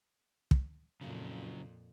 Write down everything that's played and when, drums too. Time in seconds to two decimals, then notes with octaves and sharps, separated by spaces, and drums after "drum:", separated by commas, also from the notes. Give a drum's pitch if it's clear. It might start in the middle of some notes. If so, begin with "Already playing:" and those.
0.51 drum: kick
1.01 F2 A#2 C#3 F#3